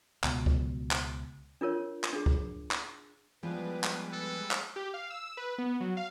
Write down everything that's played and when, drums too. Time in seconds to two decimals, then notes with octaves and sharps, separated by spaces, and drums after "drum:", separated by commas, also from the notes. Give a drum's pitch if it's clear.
0.24 C#2 B2, drum: clap
0.46 drum: kick C#2
0.91 drum: clap
1.61 D4 F4 A#4 C#5
2.04 drum: clap
2.13 D4 G#4
2.26 drum: kick C#2
2.71 drum: clap
3.43 F3 G3 G#3 B3 D4 B4
3.84 drum: clap
4.13 A4
4.51 drum: clap
4.76 G4
4.94 F5
5.10 E6
5.37 B4
5.58 B3
5.80 F#3
5.97 F5